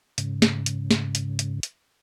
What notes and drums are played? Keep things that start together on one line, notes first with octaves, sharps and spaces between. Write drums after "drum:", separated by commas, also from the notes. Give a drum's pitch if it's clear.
G#2 C#3, drum: hi-hat
drum: snare
drum: hi-hat
drum: snare
drum: hi-hat
drum: hi-hat
drum: hi-hat